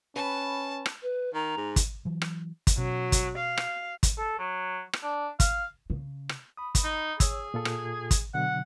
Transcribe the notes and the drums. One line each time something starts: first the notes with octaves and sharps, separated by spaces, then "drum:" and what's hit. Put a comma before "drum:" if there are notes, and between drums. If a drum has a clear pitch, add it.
C#4 B4 A5
drum: rim click
B4
D#3 A#5
G#2
drum: kick, hi-hat
E3 F#3
drum: rim click
drum: kick, hi-hat
B2 F#3 C#4
drum: kick, hi-hat
F5
drum: rim click
drum: kick, hi-hat
A4
F#3
drum: rim click
D4
F5, drum: kick, hi-hat
C#3
drum: rim click
B5 D#6
drum: kick, hi-hat
D#4
G#4 C#5 E6, drum: kick, hi-hat
A#2 F4 A4
drum: rim click
drum: kick, hi-hat
B2 D3 F#3 F#5